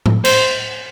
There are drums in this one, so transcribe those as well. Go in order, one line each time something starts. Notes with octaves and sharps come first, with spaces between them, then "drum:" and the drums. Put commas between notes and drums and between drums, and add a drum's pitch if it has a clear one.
drum: tom A2
C5, drum: cymbal